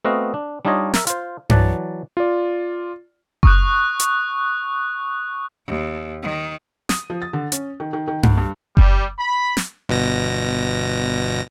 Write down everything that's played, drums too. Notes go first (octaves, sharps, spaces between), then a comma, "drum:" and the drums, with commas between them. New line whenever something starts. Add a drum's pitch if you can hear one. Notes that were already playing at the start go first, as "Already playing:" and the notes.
A3 B3 C4 F#4 D#5 F5
D4
G3 D4 D#4 F4 C#5 D#5
A#4 E5, drum: snare
F4 C5, drum: hi-hat
E3 F#3 D5 F#5 A5, drum: tom G2
F4 D5
C#6 D#6 F#6, drum: kick F#1
drum: hi-hat
D#2
D#3
D#6, drum: snare
F3
A6
D3
C#4, drum: hi-hat
D#3
D#3
D#3
D2, drum: tom G2
G2
G3, drum: kick F#1
B5
drum: snare
G1 B2 A#6